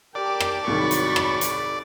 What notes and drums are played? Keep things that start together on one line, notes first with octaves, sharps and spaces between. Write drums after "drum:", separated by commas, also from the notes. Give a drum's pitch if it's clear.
G4 A#4 D5 A5 D6
drum: rim click
C2 G#2 D#3 F#3 B5 C#6 A6
drum: hi-hat
drum: rim click
drum: hi-hat